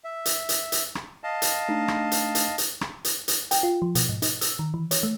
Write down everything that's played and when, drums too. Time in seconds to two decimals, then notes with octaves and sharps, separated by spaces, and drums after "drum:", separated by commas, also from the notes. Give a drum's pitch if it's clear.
0.04 E5
0.25 drum: hi-hat
0.49 drum: hi-hat
0.72 drum: hi-hat
0.95 drum: rim click
1.24 D#5 F5 A5
1.42 drum: hi-hat
1.68 A3 D4 D#4
1.88 drum: rim click
2.12 drum: hi-hat
2.35 drum: hi-hat
2.58 drum: hi-hat
2.81 drum: rim click
3.05 drum: hi-hat
3.28 drum: hi-hat
3.51 G5, drum: hi-hat
3.63 F4
3.82 F3
3.95 B2, drum: hi-hat
4.09 G#2
4.22 D#4, drum: hi-hat
4.41 E6, drum: hi-hat
4.59 D#3
4.74 E3
4.91 C#5, drum: hi-hat
5.03 A3